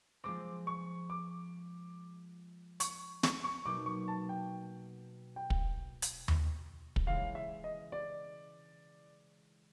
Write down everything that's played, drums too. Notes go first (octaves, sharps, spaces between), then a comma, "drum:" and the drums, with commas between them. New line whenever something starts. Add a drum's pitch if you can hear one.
F3 G#3 C4 D6
C#6
D6
C#6, drum: hi-hat
C#6, drum: snare
C#6
B2 F#3 A#3 D#4 D6
C#6
A5
G5
G5
drum: kick
drum: hi-hat
drum: tom D#2
drum: kick
C#3 E3 G#3 F5
E5
D#5
D5